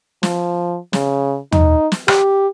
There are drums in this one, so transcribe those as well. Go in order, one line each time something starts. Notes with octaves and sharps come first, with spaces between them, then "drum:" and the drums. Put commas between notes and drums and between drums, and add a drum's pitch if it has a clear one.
F3, drum: snare
C#3, drum: snare
D#4, drum: tom
drum: snare
G4, drum: rim click